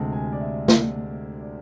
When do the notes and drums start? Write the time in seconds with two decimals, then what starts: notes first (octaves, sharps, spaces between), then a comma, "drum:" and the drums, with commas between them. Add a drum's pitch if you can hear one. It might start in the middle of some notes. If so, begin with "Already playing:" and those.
Already playing: D2 C3 G#3 A5
0.12 G#5
0.32 D5
0.41 E5
0.68 drum: snare
1.40 D5